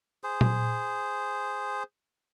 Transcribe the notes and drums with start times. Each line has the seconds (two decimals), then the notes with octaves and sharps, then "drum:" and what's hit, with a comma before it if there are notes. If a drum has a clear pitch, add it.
0.24 G#4 C5
0.41 drum: tom A#2